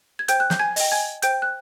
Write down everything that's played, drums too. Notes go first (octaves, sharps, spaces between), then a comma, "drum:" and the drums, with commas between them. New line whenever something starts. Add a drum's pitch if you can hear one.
G#6
C5 G5 G6, drum: hi-hat
F#6
G6, drum: snare
G#5 G#6
D#5 G5, drum: open hi-hat
G#5 G#6
C5 G5 G6, drum: hi-hat
F#6